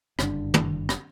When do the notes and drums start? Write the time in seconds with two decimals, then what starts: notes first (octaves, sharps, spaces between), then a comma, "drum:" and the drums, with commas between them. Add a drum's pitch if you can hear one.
0.19 F#1 G2 D3 D4, drum: rim click
0.54 drum: tom
0.89 drum: rim click